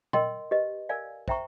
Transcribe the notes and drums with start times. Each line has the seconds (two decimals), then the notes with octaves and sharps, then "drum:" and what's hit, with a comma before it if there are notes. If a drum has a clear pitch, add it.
0.13 A#4 D#5 G5 C6, drum: tom A#2
0.51 G4 B4 D#5
0.89 A#4 D5 F5 G#5
1.28 C5 E5 G5 A#5 C#6, drum: kick